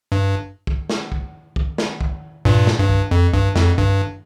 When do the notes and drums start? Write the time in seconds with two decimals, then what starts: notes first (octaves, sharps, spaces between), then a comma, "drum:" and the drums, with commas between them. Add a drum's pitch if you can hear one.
0.12 G2
0.67 drum: kick
0.90 drum: snare
1.12 drum: kick
1.56 drum: kick
1.78 drum: snare
2.01 drum: kick
2.45 G2 A#2, drum: kick
2.67 drum: snare
2.78 G2
2.89 drum: kick
3.11 F2
3.33 G2, drum: kick
3.56 F2, drum: snare
3.78 G2, drum: kick